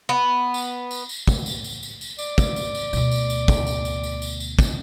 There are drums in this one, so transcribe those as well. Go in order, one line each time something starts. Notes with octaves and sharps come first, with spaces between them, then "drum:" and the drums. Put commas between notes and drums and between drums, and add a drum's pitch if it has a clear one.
B3
drum: tambourine
drum: tambourine
drum: tambourine
drum: kick, tambourine
drum: tambourine
drum: tambourine
drum: tambourine
drum: tambourine
D5, drum: tambourine
drum: kick, tambourine
drum: tambourine
drum: tambourine
D2 B2, drum: tambourine
drum: tambourine
drum: tambourine
drum: kick, tambourine
drum: tambourine
drum: tambourine
drum: tambourine
drum: tambourine
drum: tambourine
drum: kick, tambourine